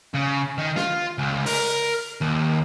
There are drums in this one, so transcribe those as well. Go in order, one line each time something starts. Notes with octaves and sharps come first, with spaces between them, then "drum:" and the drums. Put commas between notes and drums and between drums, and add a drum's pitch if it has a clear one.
C#3
D#3
F4, drum: snare
C#2
A#4, drum: open hi-hat
D#2